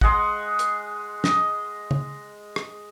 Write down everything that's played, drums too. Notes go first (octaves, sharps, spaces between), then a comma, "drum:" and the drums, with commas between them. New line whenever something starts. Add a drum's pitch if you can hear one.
G#3 G#4 D#5 F#5, drum: kick
drum: hi-hat
D#5, drum: snare
drum: tom C#3
drum: rim click